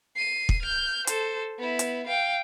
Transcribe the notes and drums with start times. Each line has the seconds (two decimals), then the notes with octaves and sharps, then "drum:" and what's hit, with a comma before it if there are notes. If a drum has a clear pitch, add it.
0.16 C7 D#7
0.49 drum: kick
0.62 F6 G6
1.07 A4 C5, drum: hi-hat
1.58 B3 E4
1.79 drum: hi-hat
2.07 F5 G5